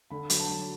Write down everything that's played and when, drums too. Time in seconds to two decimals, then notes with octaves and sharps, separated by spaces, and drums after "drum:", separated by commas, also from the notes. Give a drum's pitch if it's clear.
0.11 D3 B5
0.30 F#3, drum: hi-hat
0.39 A5
0.49 F#3